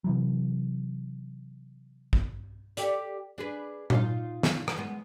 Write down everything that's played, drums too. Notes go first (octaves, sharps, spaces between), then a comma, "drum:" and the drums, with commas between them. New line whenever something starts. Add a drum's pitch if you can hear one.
C3 E3 F#3
drum: kick
G4 A4 D5, drum: hi-hat
D4 G#4 B4
D#4 F4 F5, drum: tom A#2
drum: snare
drum: rim click
G#3 B3